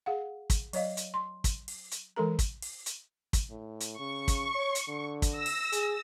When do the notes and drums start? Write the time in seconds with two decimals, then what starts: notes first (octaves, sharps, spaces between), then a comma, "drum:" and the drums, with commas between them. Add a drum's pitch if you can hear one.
0.06 G#4 F5 F#5
0.50 drum: kick, hi-hat
0.73 F#3 C#5 D#5 F5, drum: open hi-hat
0.97 drum: hi-hat
1.14 C6
1.44 drum: kick, hi-hat
1.68 drum: open hi-hat
1.91 drum: hi-hat
2.16 E3 G#3 A4 A#4 A#5
2.39 drum: kick, hi-hat
2.62 drum: open hi-hat
2.86 drum: hi-hat
3.33 drum: kick, hi-hat
3.50 A2
3.80 drum: hi-hat
3.99 C#3 C#6
4.28 drum: kick, hi-hat
4.55 C#5
4.75 drum: hi-hat
4.89 D3
5.22 drum: kick, hi-hat
5.36 E6 A#6
5.46 drum: open hi-hat
5.72 G#4, drum: hi-hat